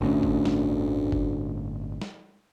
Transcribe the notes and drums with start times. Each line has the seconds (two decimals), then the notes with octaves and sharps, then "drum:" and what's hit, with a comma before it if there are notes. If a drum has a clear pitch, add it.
0.01 G1 D2 A2 C#4
0.23 drum: kick
0.45 drum: snare
1.12 drum: kick
2.02 drum: snare